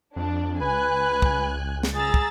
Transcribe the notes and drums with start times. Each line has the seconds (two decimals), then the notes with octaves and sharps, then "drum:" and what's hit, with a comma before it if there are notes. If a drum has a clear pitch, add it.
0.16 F2 D4
0.61 C#2 B4 G#5 F#6
1.22 drum: kick
1.83 drum: snare
1.95 G#4 A#5 E6 A6
2.14 drum: kick